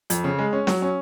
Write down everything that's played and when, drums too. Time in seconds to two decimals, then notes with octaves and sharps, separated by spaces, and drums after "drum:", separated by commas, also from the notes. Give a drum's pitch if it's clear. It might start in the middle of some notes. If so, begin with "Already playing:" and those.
0.10 F2, drum: hi-hat
0.24 C#3
0.39 G#3
0.53 C#4
0.67 F#3, drum: snare
0.82 C#4